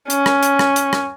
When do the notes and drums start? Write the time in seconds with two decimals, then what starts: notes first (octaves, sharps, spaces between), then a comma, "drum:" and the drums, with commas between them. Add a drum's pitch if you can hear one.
0.10 C#4, drum: hi-hat
0.26 drum: rim click
0.43 drum: hi-hat
0.59 drum: rim click
0.76 drum: hi-hat
0.93 drum: rim click